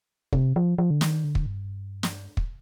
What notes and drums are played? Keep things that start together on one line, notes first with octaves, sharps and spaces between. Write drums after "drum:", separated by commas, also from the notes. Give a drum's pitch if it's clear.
C3, drum: kick
F3
F3
D3
D#3, drum: snare
D3
drum: kick
G2
drum: snare
drum: kick